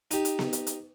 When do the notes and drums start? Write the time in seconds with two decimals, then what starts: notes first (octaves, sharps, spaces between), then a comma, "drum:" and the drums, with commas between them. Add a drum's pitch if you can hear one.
0.11 D#4 G4, drum: hi-hat
0.25 drum: hi-hat
0.39 drum: snare B3
0.53 drum: hi-hat
0.67 drum: hi-hat